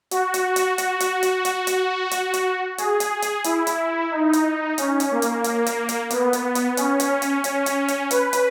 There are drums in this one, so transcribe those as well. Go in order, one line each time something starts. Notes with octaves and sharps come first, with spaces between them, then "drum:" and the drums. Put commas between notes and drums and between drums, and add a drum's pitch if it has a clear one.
F#4, drum: hi-hat
drum: hi-hat
drum: hi-hat
F#4, drum: hi-hat
drum: hi-hat
drum: hi-hat
drum: hi-hat
drum: hi-hat
drum: hi-hat
drum: hi-hat
G#4, drum: hi-hat
drum: hi-hat
drum: hi-hat
E4, drum: hi-hat
drum: hi-hat
D#4
drum: hi-hat
C#4, drum: hi-hat
drum: hi-hat
A#3
drum: hi-hat
drum: hi-hat
drum: hi-hat
drum: hi-hat
B3, drum: hi-hat
drum: hi-hat
drum: hi-hat
C#4, drum: hi-hat
drum: hi-hat
drum: hi-hat
C#4, drum: hi-hat
drum: hi-hat
drum: hi-hat
B4, drum: hi-hat
drum: hi-hat